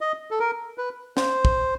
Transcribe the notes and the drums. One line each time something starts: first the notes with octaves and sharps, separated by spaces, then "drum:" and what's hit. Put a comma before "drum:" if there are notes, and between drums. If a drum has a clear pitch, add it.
D#5
A4
A#4
B4
C5, drum: snare
drum: kick